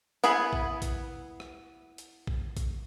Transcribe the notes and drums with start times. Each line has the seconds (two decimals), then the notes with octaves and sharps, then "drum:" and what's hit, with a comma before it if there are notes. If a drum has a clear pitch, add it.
0.24 B3 E4 G#4 B5, drum: hi-hat
0.53 drum: kick A#1
0.82 drum: kick A#1, hi-hat
1.40 drum: rim click
1.98 drum: hi-hat
2.27 drum: kick A#1
2.57 drum: kick A#1, hi-hat